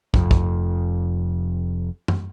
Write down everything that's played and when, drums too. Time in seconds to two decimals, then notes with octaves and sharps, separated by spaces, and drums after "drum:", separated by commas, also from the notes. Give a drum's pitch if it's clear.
0.14 F1 F2, drum: kick
0.31 drum: kick
2.08 drum: tom F#2